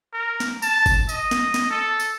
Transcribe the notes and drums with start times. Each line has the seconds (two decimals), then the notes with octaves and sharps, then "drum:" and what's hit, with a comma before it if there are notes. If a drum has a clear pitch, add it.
0.13 A#4
0.40 drum: snare
0.62 A5, drum: tambourine
0.86 drum: kick G1, tambourine
1.09 D#5, drum: tambourine
1.31 drum: snare
1.54 drum: snare
1.71 A4
2.00 drum: tambourine